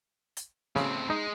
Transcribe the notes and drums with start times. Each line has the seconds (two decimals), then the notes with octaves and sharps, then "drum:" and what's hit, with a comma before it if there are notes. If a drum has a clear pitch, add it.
0.37 drum: hi-hat
0.76 A2 C#3 C4, drum: snare
1.10 G#3 D#4